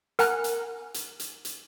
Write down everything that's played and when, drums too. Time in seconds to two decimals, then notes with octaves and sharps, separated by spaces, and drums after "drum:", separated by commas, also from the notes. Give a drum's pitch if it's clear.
0.19 A#4 F#5 G#5 A#5 F6 F#6, drum: hi-hat
0.44 drum: hi-hat
0.94 drum: hi-hat
1.20 drum: hi-hat
1.45 drum: hi-hat